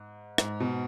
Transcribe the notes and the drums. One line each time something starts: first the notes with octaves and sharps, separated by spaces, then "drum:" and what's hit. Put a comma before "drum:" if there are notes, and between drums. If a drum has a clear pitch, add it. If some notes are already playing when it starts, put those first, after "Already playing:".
Already playing: G#2
G#2, drum: rim click
B2